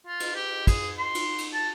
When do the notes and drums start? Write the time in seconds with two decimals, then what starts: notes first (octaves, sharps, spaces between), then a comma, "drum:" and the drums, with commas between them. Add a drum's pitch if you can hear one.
0.07 F4
0.20 drum: cymbal
0.35 G4
0.67 G#4, drum: kick, cymbal
0.99 C6
1.15 drum: cymbal
1.38 drum: cymbal
1.53 A5